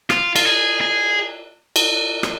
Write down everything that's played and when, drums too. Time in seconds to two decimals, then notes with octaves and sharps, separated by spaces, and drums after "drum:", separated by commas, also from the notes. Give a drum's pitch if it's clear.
0.10 F4, drum: rim click
0.36 F4, drum: cymbal
0.45 G#4
0.81 G#4
1.76 drum: cymbal
2.23 drum: rim click